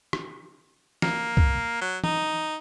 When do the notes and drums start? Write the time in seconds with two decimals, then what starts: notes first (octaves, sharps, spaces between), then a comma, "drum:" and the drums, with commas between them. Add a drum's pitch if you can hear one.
0.13 drum: rim click
1.02 A#3, drum: snare
1.37 drum: kick C2
1.81 F#3
2.04 D#4, drum: tom E3